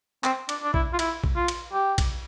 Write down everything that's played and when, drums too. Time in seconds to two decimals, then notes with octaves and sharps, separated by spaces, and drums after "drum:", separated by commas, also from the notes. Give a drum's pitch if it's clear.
0.24 C4, drum: clap
0.49 D4, drum: cymbal
0.63 D4
0.74 E4, drum: kick A#1
0.94 F4
0.99 E4, drum: cymbal
1.24 drum: kick A#1
1.36 F4
1.48 drum: cymbal
1.73 G4
1.98 drum: kick A#1, cymbal